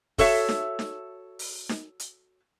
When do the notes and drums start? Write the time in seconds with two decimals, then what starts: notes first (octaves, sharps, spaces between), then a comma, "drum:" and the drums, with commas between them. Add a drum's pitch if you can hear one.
0.18 F#4 A4 C#5 E5, drum: kick, open hi-hat
0.49 drum: snare D#4
0.79 drum: snare D#4
1.39 drum: open hi-hat
1.69 drum: snare D#4
2.00 drum: hi-hat